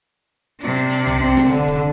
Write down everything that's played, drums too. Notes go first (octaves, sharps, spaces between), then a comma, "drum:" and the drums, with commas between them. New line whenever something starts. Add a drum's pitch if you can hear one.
C3 D4, drum: hi-hat
drum: hi-hat
drum: hi-hat
drum: tom
C4
drum: snare
D3, drum: hi-hat
drum: kick, hi-hat